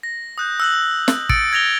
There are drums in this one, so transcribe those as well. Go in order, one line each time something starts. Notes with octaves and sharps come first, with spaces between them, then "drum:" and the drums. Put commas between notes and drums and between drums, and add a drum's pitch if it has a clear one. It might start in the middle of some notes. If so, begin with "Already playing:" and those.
A#6
D#6 F#6 G6
E6 F#6 F#7
drum: snare
D#6 E6 A6 C#7 D7, drum: kick
F#6 G#6 A#6 F7 G7